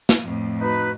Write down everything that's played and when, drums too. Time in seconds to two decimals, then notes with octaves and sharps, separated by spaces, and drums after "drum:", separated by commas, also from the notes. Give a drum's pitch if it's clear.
0.09 drum: snare
0.23 F2 A2
0.61 D#4 F#4 B4